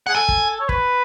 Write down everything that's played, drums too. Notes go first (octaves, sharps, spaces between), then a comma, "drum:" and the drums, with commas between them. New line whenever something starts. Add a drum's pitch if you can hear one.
G#4 F#5
A4 G#5
drum: kick
C#5
B4, drum: kick